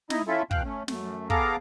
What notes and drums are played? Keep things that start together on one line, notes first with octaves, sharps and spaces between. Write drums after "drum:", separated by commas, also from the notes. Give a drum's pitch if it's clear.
D#4 E4 D#5, drum: snare
C#4 E4 F4 A4 E5
E2 B2 F5 G5 F#6, drum: kick
A3 C#4
F#2 A3, drum: snare
B3 G#4 A4 F5 A#5 D6, drum: kick